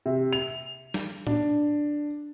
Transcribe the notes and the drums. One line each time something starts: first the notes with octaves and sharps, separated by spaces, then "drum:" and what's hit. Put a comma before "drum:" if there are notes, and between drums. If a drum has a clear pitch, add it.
C3
F7
drum: snare
D4, drum: tom A2